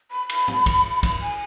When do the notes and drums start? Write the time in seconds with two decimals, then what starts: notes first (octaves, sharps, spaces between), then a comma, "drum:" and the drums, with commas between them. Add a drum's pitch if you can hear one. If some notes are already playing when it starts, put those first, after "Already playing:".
0.11 B5
0.29 drum: cymbal
0.48 drum: tom G#2
0.66 drum: kick B1, cymbal
1.03 drum: kick B1, cymbal
1.22 G#5